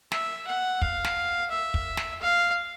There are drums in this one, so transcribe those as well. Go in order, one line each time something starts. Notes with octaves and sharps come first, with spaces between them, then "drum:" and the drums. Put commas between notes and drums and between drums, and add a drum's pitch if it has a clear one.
E5, drum: snare
F#5
F5, drum: kick
drum: snare
E5
drum: kick
drum: snare
F5